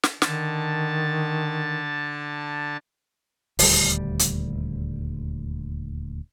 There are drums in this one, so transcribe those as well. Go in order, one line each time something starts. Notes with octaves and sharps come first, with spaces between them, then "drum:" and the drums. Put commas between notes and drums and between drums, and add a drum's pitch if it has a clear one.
drum: snare
D3 D#3 A5, drum: snare
D#1 D2 G3, drum: open hi-hat
drum: hi-hat